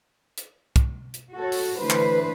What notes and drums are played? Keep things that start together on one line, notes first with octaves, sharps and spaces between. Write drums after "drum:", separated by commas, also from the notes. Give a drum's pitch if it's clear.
drum: hi-hat
drum: kick, hi-hat
drum: hi-hat
F#4 A4 C#5
drum: open hi-hat
D3 E3 A3 B4 C5
drum: clap